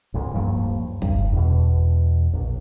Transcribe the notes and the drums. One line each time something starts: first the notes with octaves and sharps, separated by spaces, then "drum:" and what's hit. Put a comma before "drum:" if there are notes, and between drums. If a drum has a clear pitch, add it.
G#1 D2
D1 G2 F3 A#3
G2, drum: kick
E2 B2
A#1